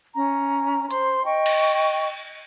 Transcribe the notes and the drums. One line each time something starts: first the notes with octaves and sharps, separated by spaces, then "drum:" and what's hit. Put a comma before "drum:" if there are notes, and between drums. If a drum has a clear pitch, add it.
C#4 A#5
C5 C6, drum: hi-hat
D#5 G5 C#6
drum: cymbal